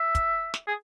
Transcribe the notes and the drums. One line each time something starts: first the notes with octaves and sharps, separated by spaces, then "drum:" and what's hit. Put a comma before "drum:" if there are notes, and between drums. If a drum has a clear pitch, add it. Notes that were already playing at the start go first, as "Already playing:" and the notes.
Already playing: E5
drum: kick, hi-hat
drum: snare
G#4